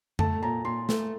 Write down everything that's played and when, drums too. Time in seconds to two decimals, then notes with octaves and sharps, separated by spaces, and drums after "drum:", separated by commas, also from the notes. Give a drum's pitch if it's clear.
0.19 A3 A5, drum: tom F2
0.43 A#2 A#5
0.65 A#2 C6
0.89 A3, drum: snare